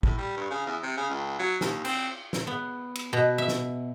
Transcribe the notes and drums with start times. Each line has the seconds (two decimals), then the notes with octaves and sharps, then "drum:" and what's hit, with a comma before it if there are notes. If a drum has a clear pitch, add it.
0.03 A2, drum: kick
0.18 G3
0.37 G2
0.51 C#3
0.66 E2
0.83 C3
0.97 C#3
1.10 C#2
1.39 F#3
1.61 D#2, drum: snare
1.85 C4, drum: cymbal
2.33 drum: snare
2.47 B3
2.95 drum: cymbal
3.13 B2
3.38 E5
3.48 drum: snare